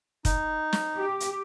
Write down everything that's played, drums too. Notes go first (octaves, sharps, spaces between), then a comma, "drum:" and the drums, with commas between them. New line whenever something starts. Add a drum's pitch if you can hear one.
D#4, drum: kick, hi-hat
drum: snare
G4
drum: hi-hat